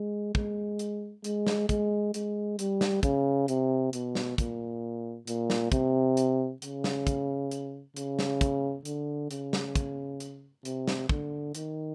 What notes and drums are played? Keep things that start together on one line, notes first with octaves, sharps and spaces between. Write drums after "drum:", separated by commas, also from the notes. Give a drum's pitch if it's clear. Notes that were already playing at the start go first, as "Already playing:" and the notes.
Already playing: G#3
G#3, drum: kick
drum: hi-hat
G#3, drum: hi-hat
drum: snare
G#3, drum: kick, hi-hat
G#3, drum: hi-hat
G3, drum: hi-hat
drum: snare
C#3, drum: kick, hi-hat
C3, drum: hi-hat
B2, drum: hi-hat
drum: snare
A#2, drum: kick, hi-hat
A#2, drum: hi-hat
drum: snare
C3, drum: kick, hi-hat
drum: hi-hat
C#3, drum: hi-hat
drum: snare
drum: kick, hi-hat
drum: hi-hat
C#3, drum: hi-hat
drum: snare
drum: kick, hi-hat
D3, drum: hi-hat
C#3, drum: hi-hat
drum: snare
drum: kick, hi-hat
drum: hi-hat
C3, drum: hi-hat
drum: snare
D3, drum: kick
D#3, drum: hi-hat